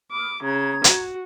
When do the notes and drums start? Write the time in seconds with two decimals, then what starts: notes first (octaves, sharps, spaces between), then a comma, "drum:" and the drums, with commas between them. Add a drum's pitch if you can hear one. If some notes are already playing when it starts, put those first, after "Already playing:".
0.12 B5 D6 D#6 F6
0.42 C#3 A#5 G#6
0.84 F#4, drum: hi-hat